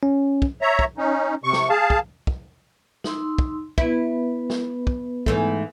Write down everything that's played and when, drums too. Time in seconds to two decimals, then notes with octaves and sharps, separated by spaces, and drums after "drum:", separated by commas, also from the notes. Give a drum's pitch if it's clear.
0.03 C#4
0.42 drum: kick
0.61 C#5 E5 A#5
0.79 drum: kick
0.97 C#4 D#4
1.44 C3 C#6
1.53 drum: snare
1.70 G#4 F5 A5
1.90 drum: kick
2.27 drum: kick
3.04 D#4 C6 E6, drum: snare
3.38 drum: kick
3.78 B3 E4 B4, drum: kick
4.50 drum: snare
4.87 drum: kick
5.26 G#2 E3 A3, drum: kick